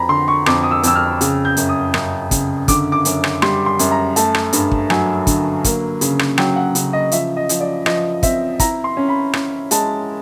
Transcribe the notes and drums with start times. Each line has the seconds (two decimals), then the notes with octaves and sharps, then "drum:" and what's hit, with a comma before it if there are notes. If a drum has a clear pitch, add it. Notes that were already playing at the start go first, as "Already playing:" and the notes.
Already playing: F2 A#5 B5
0.09 D3 C6
0.28 C#6
0.46 F2 D6, drum: rim click
0.64 D#6
0.71 E6
0.83 F2 E6, drum: hi-hat
0.95 F6
1.21 C#3, drum: hi-hat
1.45 G6
1.57 F#2, drum: hi-hat
1.69 D#6
1.94 F#2, drum: rim click
2.31 C#3, drum: kick, hi-hat
2.68 D3 D6, drum: kick, hi-hat
2.92 D6
3.05 F#2, drum: hi-hat
3.24 drum: rim click
3.42 G3 C6, drum: rim click
3.66 C6
3.79 F#2, drum: hi-hat
3.91 A#5
4.16 A3 A5, drum: hi-hat
4.35 drum: rim click
4.53 G2, drum: hi-hat
4.71 drum: kick
4.90 F#3 G#5, drum: rim click
5.27 D3, drum: kick, hi-hat
5.64 A#3, drum: kick, hi-hat
6.01 C#3, drum: hi-hat
6.19 drum: rim click
6.38 F#3 G5, drum: rim click
6.56 F#5
6.75 C#3, drum: hi-hat
6.93 D#5
7.12 F3 E5, drum: hi-hat
7.37 D#5
7.49 F3, drum: hi-hat
7.61 D5
7.86 F3 D#5, drum: rim click
8.23 C4 E5, drum: kick, hi-hat
8.59 E4 A#5, drum: kick, hi-hat
8.84 C6
8.97 C#4
9.09 B5
9.33 C#4, drum: rim click
9.71 G#3 A5, drum: hi-hat